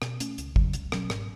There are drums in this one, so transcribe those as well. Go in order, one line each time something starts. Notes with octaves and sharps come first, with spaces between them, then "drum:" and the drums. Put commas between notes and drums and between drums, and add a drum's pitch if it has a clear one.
B2, drum: rim click
A3 C#4, drum: hi-hat
C#2, drum: hi-hat
C#3 F#3, drum: kick
C#2, drum: hi-hat
B2 F#3 C#4, drum: rim click
G#2, drum: rim click